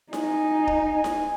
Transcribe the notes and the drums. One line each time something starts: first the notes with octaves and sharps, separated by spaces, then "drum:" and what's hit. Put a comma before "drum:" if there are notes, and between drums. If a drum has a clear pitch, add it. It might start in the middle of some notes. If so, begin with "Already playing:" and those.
D#4 G#5, drum: snare E4
drum: kick
drum: snare E4